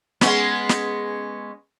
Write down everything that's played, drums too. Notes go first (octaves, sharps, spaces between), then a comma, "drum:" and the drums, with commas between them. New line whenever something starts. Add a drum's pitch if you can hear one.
G#3 B3 C#4, drum: snare
drum: snare